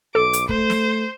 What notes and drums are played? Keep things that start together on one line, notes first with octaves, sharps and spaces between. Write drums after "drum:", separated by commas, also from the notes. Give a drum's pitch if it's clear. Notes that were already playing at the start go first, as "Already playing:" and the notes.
B1 A4 D6
drum: hi-hat
A3 C5, drum: kick
drum: snare